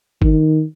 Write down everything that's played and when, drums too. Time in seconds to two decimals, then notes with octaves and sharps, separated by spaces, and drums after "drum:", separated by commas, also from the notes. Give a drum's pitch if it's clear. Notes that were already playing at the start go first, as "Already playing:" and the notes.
0.22 D#3, drum: kick G1